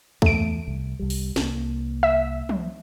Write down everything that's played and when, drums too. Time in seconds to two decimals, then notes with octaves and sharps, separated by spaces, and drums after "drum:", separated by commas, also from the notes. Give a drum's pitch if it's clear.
0.22 E2 A3 D7, drum: kick
0.68 C2
0.99 C2 G3
1.10 drum: open hi-hat
1.36 C2 A#3, drum: snare
2.03 E5
2.49 drum: tom